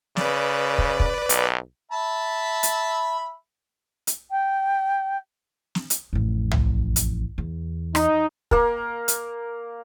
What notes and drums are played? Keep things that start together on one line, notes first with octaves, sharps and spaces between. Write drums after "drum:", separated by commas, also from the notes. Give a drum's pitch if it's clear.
C#3 B4 D5, drum: snare
drum: kick
drum: kick
B1, drum: hi-hat
E5 A5 B5
drum: hi-hat
drum: hi-hat
G5
drum: snare
drum: hi-hat
A1 F2
drum: tom
drum: hi-hat
E2
D#4, drum: rim click
A#3 A#4, drum: kick
drum: hi-hat